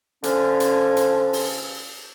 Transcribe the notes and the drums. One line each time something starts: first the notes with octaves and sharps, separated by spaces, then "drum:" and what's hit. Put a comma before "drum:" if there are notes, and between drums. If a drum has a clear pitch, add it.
D3 F3 C#4, drum: hi-hat
drum: hi-hat
drum: hi-hat
drum: open hi-hat